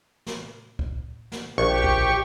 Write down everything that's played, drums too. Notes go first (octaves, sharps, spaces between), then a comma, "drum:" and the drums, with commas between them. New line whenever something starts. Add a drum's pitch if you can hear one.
drum: snare
drum: kick C#2
drum: snare
A#1 G4 C#6
drum: kick C#2